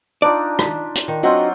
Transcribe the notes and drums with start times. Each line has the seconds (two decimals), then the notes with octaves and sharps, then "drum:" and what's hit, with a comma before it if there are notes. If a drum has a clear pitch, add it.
0.22 D4 D#4 F4 D5
0.59 drum: rim click
0.95 drum: hi-hat
1.08 D#3
1.23 F#3 C4 D4 F4 F#4 D#5